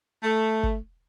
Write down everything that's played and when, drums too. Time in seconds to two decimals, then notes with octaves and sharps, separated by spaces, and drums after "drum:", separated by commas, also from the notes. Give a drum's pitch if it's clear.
0.23 A3
0.63 drum: kick G1